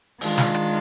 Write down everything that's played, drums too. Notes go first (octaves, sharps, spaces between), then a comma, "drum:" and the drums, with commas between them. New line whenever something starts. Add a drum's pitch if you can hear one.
D#3 G#3 D4 F4, drum: open hi-hat
drum: snare
drum: hi-hat